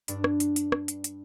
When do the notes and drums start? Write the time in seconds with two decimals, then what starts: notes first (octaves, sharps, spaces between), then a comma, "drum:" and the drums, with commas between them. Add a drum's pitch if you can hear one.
0.08 G2 D4, drum: hi-hat
0.24 drum: rim click
0.40 drum: hi-hat
0.56 drum: hi-hat
0.72 drum: rim click
0.88 drum: hi-hat
1.04 drum: hi-hat